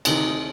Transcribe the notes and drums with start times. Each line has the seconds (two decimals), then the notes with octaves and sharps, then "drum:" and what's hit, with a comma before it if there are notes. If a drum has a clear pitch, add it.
0.05 D2 C3 D#3 D#4, drum: cymbal
0.17 D#4
0.28 D#4